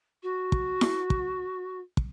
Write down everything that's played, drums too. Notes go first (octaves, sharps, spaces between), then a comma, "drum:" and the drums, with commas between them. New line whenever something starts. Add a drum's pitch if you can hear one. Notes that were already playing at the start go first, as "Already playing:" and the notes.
F#4
drum: kick
drum: snare E4
drum: kick
drum: kick